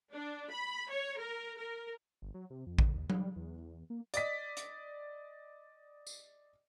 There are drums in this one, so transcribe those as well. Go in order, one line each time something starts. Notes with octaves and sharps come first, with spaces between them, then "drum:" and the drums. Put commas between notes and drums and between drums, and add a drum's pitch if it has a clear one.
D4
B5
C#5
A#4
A#4
G1
F#3
C3
F2
D3, drum: kick A1
D#2
G3, drum: tom F#3
E2
E2
A#3
D5 D#5 B6, drum: hi-hat
drum: hi-hat
drum: tambourine